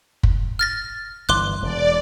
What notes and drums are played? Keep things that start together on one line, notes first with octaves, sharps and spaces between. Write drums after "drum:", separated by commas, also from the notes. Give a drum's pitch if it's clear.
drum: kick
F6 A6 A#6
G1 E3 C6 D6 F#6
E1 D5